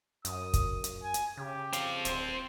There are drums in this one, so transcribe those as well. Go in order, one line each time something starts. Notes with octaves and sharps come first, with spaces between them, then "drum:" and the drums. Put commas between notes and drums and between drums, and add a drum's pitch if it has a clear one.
F#2 D#6, drum: hi-hat
drum: kick, hi-hat
drum: hi-hat
G#5
drum: hi-hat
C#3 G4
C4 F5, drum: hi-hat
D1 C5, drum: hi-hat